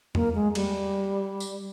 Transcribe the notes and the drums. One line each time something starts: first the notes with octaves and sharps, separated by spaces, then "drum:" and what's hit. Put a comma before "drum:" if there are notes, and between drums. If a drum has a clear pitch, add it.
A#3, drum: tom E2
G#3
G3, drum: cymbal
drum: tambourine